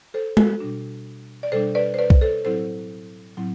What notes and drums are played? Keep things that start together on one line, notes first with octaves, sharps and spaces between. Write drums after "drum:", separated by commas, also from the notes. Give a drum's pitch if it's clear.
A4 C5
F#4 A4, drum: tom G#3
B2 G3 D4
D5
B2 G3 D4 A4 C5
B4 D5
C5
B4 D5
drum: kick C2
A4 C5
A2 F#3 C4 E4 A4 C5
A2 F#3 C4 E4